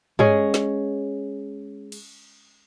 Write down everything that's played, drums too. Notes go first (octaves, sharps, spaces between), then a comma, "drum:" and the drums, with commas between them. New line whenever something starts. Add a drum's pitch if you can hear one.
G#3 C#4 G#4 C#5, drum: tom G2
drum: snare
drum: cymbal